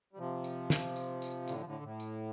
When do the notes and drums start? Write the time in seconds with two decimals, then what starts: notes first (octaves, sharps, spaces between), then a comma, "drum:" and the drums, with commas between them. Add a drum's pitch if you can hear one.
0.13 G3
0.18 C3 F3
0.44 drum: tambourine
0.70 drum: snare
0.96 drum: tambourine
1.22 drum: tambourine
1.48 A2 D3, drum: tambourine
1.60 F3
1.66 A2 D3
1.83 A2
2.00 drum: tambourine